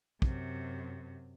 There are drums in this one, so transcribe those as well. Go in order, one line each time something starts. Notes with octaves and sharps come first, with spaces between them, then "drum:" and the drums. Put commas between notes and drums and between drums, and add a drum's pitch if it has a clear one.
F#2 C3, drum: kick